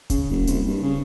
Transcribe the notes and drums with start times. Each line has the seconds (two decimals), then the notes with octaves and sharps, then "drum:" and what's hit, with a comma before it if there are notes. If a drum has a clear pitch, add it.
0.10 C#3, drum: kick D#1, hi-hat
0.31 F#1
0.47 C2, drum: hi-hat
0.68 G2
0.83 C#3